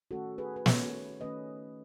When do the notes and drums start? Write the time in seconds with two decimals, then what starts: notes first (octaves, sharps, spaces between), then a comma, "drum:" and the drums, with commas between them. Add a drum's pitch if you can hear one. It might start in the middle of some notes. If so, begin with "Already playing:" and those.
0.11 D#3 A3 C#4 F#4 A4
0.38 G#4 B4
0.56 B4
0.66 D#3 A3 C#4 A4 C#5, drum: snare
1.21 D#3 A3 C#4 B4 D#5